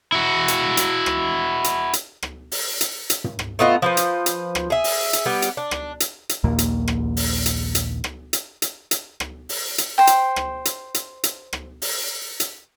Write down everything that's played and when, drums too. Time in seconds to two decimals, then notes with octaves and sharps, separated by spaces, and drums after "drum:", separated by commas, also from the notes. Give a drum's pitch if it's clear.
0.12 E4 F#4
0.48 drum: hi-hat
0.77 drum: hi-hat
1.06 drum: rim click
1.64 drum: hi-hat
1.93 drum: hi-hat
2.22 drum: rim click
2.52 drum: open hi-hat
2.81 drum: hi-hat
3.10 drum: hi-hat
3.24 drum: tom
3.39 drum: rim click
3.59 A3 B3 F4 D#5
3.82 F3 B4 C5
3.97 drum: hi-hat
4.26 drum: hi-hat
4.55 drum: rim click
4.70 G#4 E5
4.84 drum: open hi-hat
5.13 drum: hi-hat
5.26 G3 B3 G4
5.42 drum: hi-hat
5.57 D4
5.71 drum: rim click
6.00 drum: hi-hat
6.29 drum: hi-hat
6.44 A#1 D#2 A#2 A#3
6.58 drum: hi-hat
6.88 drum: rim click
7.17 drum: open hi-hat
7.46 drum: hi-hat
7.75 drum: hi-hat
8.04 drum: rim click
8.33 drum: hi-hat
8.62 drum: hi-hat
8.91 drum: hi-hat
9.20 drum: rim click
9.49 drum: open hi-hat
9.78 drum: hi-hat
9.98 C5 G5
10.07 drum: hi-hat
10.36 drum: rim click
10.65 drum: hi-hat
10.94 drum: hi-hat
11.24 drum: hi-hat
11.53 drum: rim click
11.82 drum: open hi-hat
12.40 drum: hi-hat